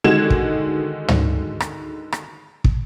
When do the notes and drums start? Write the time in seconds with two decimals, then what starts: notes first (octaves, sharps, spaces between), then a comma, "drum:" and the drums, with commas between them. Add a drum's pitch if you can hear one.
0.04 D3 D#3 G#3 F#4 G#6 E7
0.30 drum: kick
1.08 drum: tom
1.60 drum: rim click
2.12 drum: rim click
2.64 drum: kick